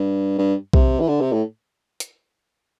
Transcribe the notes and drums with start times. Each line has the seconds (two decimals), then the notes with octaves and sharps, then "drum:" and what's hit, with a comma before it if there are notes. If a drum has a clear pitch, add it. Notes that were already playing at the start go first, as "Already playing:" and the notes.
Already playing: G2
0.38 G2
0.73 C3, drum: kick B1
1.00 E3
1.08 D3
1.20 C3
1.32 A2
2.00 drum: hi-hat